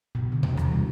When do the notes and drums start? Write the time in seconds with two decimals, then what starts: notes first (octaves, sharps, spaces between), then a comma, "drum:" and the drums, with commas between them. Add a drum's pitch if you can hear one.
0.15 B2
0.32 D3
0.43 C3, drum: tom D#2
0.57 E3, drum: rim click
0.72 G3